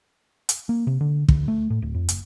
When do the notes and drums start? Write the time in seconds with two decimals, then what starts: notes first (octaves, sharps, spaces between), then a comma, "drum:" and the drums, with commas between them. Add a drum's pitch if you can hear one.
0.49 drum: hi-hat
0.69 A#3
0.87 C3
1.01 D3
1.29 D2, drum: kick
1.48 A3
1.70 A2
1.82 D1
1.95 F2
2.09 F#1, drum: hi-hat